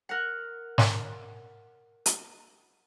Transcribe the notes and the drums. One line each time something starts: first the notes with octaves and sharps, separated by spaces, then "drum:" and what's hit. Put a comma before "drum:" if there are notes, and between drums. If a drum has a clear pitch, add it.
A#4 F#5
drum: snare
drum: hi-hat